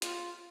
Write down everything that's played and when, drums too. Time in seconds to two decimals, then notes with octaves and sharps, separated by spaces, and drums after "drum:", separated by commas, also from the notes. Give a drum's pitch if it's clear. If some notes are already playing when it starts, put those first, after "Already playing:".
0.02 F4, drum: hi-hat